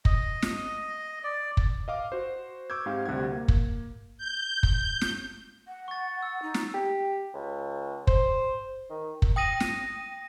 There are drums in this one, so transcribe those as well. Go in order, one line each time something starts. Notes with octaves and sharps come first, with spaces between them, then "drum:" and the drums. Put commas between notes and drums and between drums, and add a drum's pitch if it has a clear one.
D#5, drum: kick
drum: snare
D5
drum: kick
D#5 F5 D6
F#4 C5
C#6 D6 E6 G6 G#6
G#2 C4 G4 F5
D2 C3 G3 F#5 G#6
A#3
drum: kick
G6
drum: kick
drum: snare
F#5
C#6 A6
E6
D#4
drum: snare
G4
C#2
C5, drum: kick
D#3
drum: kick
G5 D#6 A#6 D#7
drum: snare